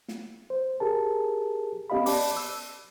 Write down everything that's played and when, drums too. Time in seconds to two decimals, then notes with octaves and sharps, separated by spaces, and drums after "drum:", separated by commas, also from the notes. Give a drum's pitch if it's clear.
0.08 drum: snare
0.50 C5
0.80 G4 G#4 A#4 A5
1.90 B3 C#4 G4 D#5 F5 B5
2.06 D5 A5 B5 D6, drum: open hi-hat
2.37 E6